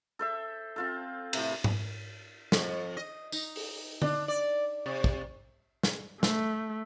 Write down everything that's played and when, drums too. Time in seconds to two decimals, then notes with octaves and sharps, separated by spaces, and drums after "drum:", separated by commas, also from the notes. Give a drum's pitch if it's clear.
0.19 A4 C5 E5
0.76 C4 F4 A4
1.33 A2 C3, drum: cymbal
1.64 drum: tom G#2
2.52 F2, drum: snare
2.97 D#5
3.32 D#4, drum: tambourine
3.56 drum: open hi-hat
4.02 D4, drum: tom D3
4.28 D5
4.86 C3
5.04 drum: kick
5.83 drum: snare
6.23 A3, drum: snare